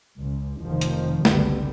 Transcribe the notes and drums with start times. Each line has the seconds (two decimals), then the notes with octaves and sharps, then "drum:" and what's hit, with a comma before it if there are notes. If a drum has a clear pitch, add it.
0.18 C#2
0.62 F1 D#3 F3
0.81 drum: hi-hat
1.25 F#1 C2 D3 G3 B3, drum: snare